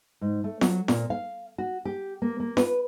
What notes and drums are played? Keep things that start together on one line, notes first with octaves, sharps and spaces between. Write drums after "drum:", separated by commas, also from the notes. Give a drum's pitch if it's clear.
G#2
A3
F#3, drum: snare F4
A#2, drum: snare F4
F5
F#4
G4
A#3
A#3
B4, drum: snare F4